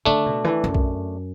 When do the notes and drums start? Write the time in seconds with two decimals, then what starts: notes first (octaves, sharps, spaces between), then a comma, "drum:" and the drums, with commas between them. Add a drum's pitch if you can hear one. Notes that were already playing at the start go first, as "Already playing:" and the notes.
0.06 D3 A3 D4
0.26 B2
0.44 E3
0.64 F#2
0.75 drum: kick B1